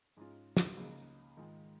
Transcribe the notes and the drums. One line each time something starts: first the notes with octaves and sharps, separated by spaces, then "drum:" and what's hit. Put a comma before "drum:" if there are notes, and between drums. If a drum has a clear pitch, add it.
G#2 G#3 C#4 F4
drum: snare
C#2 C#3 A#3 D#4
G#2 D#3 G#3 F4